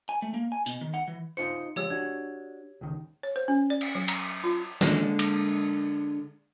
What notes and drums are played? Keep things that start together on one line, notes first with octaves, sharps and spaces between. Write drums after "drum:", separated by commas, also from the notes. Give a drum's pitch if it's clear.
G#5
A3
A#3
G#5
B2, drum: tambourine
D#3
F#5
E3
D#4 F4 C5 C#7
F3 G#3 G4 C#5 E6
D4 F#4 G#6
C#2 D#3
C#5
C5
C#4
D5
drum: cymbal
F#3
A#5, drum: cymbal
F4
D3 G#3 A#3, drum: snare
drum: cymbal